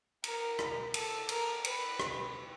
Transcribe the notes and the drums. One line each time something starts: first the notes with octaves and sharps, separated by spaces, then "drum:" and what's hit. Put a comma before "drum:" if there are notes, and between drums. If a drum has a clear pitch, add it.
A#4, drum: cymbal
drum: rim click
A4, drum: cymbal
A#4, drum: cymbal
B4, drum: cymbal
drum: rim click